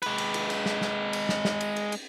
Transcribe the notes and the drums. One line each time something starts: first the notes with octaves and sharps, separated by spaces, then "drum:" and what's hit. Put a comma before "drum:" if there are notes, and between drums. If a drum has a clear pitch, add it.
G#3 B4, drum: cymbal
drum: cymbal
drum: cymbal
drum: cymbal
drum: snare
drum: snare
drum: cymbal
drum: snare
drum: snare
drum: cymbal
drum: cymbal
drum: cymbal